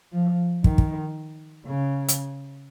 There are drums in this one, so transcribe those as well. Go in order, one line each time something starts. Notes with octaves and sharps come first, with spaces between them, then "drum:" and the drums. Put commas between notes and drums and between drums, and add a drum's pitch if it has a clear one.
F3
D#3, drum: kick
drum: kick
C#3
drum: hi-hat